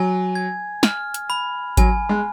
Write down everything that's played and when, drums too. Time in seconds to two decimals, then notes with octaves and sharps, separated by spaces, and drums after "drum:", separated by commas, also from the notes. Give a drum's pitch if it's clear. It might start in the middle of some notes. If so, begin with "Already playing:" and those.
Already playing: F#3 G#5
0.35 G#6
0.83 F6, drum: snare
1.14 drum: hi-hat
1.30 B5
1.77 F#3 G#5, drum: kick G#1, hi-hat
2.09 G#3